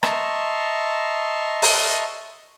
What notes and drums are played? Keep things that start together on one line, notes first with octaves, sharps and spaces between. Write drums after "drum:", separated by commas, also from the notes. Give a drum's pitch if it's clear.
D#5 E5 A5 A#5 C6 C#6, drum: rim click
drum: open hi-hat